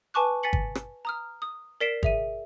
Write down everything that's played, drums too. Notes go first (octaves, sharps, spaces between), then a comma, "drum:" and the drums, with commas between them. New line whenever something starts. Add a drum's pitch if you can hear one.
B4 G#5 A5 C#6 D6 F#6
G#5 A6 B6 C#7 F#7
drum: kick
drum: rim click
A#5 D#6 F6
D#6
A#4 D5 B6 C7 D7 E7
G#4 E5 D#7, drum: kick